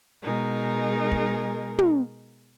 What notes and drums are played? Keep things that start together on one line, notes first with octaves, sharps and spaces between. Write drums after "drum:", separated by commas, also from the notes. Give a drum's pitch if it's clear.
B2 G#3 D#4 G#4 A#4
drum: kick
drum: tom